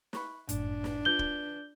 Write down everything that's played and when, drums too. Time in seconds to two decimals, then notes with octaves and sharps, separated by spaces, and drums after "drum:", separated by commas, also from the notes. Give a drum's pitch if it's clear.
0.13 B5 C#6 F#6, drum: snare
0.49 G1 F#2 A2 D4, drum: hi-hat
0.84 drum: snare
1.05 F4 B4 D5 G6 G7
1.19 drum: kick